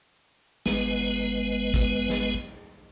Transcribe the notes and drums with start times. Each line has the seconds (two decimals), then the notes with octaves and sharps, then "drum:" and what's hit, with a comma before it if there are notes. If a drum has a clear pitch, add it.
0.66 G#1 G#3 B3 B4, drum: snare
1.74 drum: kick
2.10 drum: snare